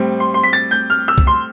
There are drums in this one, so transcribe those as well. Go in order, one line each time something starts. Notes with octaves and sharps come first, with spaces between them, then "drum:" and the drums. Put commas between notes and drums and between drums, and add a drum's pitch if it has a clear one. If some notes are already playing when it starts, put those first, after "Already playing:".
Already playing: A2 G3 C4
C6
C6
B6
A6
G6
F6
E6
drum: kick
C6